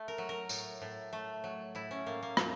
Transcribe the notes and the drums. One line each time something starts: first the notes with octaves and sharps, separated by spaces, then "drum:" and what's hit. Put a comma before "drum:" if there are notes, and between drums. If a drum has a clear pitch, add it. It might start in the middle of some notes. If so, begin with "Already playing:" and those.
Already playing: A3
A#4
F#3
A#4
A2, drum: tambourine
A2
A3
F#3
A2 E4
C#4
A2 A#3
A#3
A3, drum: rim click